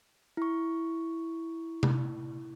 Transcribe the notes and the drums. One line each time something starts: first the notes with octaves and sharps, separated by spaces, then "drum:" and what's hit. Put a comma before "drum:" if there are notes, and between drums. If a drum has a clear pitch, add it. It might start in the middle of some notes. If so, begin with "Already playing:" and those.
E4 C#6
drum: tom C3